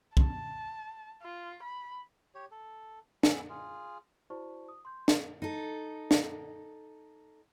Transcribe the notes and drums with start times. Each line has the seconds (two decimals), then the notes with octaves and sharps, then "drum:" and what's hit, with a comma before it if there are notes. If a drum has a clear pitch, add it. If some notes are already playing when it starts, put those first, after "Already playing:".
0.17 A5, drum: kick
1.22 F4
1.63 B5
2.35 G4 C#5
2.51 A4
3.23 B3 C#4 B5 E6, drum: snare
3.50 F4 G#4
4.30 E4 F#4 C5 D5 A5 C#6
4.69 D#6
4.85 C6 G6
5.08 drum: snare
5.42 D#4 A4
6.11 drum: snare